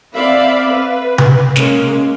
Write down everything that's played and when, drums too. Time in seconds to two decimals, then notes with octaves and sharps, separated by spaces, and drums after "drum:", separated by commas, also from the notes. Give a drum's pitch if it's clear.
0.14 C4 D5 E5 F5 B5
0.72 B4
1.18 drum: tom C3
1.56 G#3 A#3 C#4, drum: snare